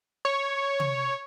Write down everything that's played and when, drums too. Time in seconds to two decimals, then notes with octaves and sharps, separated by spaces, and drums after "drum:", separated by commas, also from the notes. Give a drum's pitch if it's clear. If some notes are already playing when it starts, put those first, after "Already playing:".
0.25 C#5
0.80 drum: tom